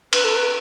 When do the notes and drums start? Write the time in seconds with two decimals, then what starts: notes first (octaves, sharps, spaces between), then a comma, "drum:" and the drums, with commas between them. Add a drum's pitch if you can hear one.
0.13 B4, drum: cymbal
0.24 A4
0.35 B4